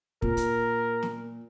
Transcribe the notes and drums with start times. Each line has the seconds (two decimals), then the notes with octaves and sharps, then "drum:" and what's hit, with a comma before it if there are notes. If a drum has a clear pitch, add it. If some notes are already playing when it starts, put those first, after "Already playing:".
0.22 A#2 A#4, drum: kick
0.37 drum: hi-hat
1.03 drum: snare